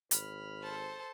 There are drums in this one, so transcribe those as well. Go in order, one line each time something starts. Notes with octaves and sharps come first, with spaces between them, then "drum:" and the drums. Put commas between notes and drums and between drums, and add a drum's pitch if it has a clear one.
G#1 B5 F6, drum: hi-hat
A4 C5 A5